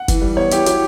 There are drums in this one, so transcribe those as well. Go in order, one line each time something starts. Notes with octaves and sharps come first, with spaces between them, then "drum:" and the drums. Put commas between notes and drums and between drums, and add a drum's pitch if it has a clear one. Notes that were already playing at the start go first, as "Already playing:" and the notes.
Already playing: F#5
E3, drum: kick F#1, hi-hat
G3
B3 C#5
E4 G4, drum: hi-hat
F#3 G4, drum: hi-hat